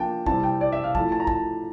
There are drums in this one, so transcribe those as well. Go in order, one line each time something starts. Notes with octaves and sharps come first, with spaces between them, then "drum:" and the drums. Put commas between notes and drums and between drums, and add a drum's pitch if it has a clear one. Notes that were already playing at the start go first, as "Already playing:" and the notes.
Already playing: F3 A#3 D4 G5 A5
C3 G3 C4 E4 A5, drum: kick
G5
D5
E5
F5
F3 A3 E4 A5, drum: kick
A5
A#5
A5, drum: kick